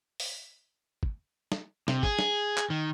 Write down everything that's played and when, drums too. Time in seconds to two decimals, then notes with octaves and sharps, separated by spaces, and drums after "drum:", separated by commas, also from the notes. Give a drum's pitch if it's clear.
0.20 drum: open hi-hat
1.03 drum: kick
1.52 drum: snare
1.88 C3, drum: snare
2.03 G#4, drum: kick
2.19 drum: snare
2.58 drum: clap
2.70 D#3